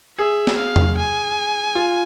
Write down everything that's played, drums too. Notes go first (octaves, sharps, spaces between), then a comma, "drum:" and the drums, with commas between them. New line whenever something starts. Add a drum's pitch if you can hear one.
G#4 E5
drum: snare
F5
drum: tom E2
G#5
F4